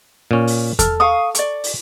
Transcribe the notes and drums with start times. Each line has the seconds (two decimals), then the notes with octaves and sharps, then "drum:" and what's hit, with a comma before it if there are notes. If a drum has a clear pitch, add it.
0.31 A#2 C#4
0.47 drum: open hi-hat
0.79 A4 F6, drum: kick E2, hi-hat
1.00 F5 C#6 D#6
1.35 D5 C#6, drum: hi-hat
1.64 drum: open hi-hat